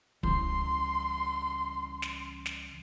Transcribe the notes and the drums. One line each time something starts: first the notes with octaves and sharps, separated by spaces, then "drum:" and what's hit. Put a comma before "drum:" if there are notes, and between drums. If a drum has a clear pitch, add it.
C#2 C#3 E3 G3 C6, drum: kick
drum: snare
drum: snare